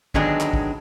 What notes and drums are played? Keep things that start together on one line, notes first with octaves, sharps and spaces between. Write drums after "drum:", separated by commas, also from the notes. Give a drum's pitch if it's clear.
D3 D#3 F#3 G#3 B3 D4, drum: kick G#1
drum: clap
drum: kick G#1